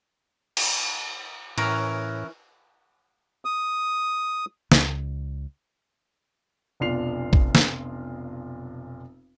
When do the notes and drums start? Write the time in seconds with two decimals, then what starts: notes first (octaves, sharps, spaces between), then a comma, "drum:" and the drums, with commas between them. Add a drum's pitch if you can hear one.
0.57 drum: cymbal
1.58 A2 E3 C#4 A#4, drum: cymbal
3.45 D#6
4.72 C#2, drum: snare
6.80 F1 B1 D4 F4 C7 F7
7.33 drum: kick
7.55 drum: snare